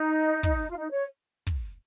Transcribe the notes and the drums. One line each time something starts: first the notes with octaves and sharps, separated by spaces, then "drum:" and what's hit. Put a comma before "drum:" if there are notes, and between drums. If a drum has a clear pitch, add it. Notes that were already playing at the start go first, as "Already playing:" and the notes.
Already playing: D#4
drum: kick
F4
D#4
C#5
drum: kick